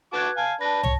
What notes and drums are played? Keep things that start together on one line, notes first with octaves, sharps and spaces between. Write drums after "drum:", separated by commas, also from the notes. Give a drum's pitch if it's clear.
F#4 B4 A5 D6 F#6 G#6
F5 G#5 A5 G#6
D4 B4 A5 A#6
C#5, drum: tom